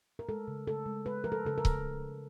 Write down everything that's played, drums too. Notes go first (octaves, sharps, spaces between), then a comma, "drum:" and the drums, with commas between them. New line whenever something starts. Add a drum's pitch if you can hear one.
A#4
G#3 A4
C#3
C#3 A4
G#3
G#3 B4
F3 A#4
A4
C#3 A4
A#4
C#3, drum: kick C#1